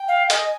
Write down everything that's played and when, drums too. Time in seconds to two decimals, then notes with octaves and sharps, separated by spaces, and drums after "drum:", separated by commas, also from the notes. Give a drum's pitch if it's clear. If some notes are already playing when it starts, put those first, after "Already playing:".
Already playing: G5
0.08 F5
0.30 D#5 G#5, drum: hi-hat